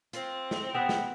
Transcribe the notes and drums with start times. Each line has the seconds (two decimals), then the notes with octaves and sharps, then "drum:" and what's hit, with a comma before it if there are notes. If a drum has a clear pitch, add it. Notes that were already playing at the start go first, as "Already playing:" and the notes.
0.13 C4 F4, drum: hi-hat
0.51 drum: snare
0.74 C3 B3 B4 E5 F#5 G5
0.89 drum: snare